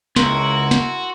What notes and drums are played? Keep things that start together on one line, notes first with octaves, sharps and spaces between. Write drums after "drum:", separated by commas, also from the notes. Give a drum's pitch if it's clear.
C#2 E4 F#4 A#4 C6, drum: snare
drum: snare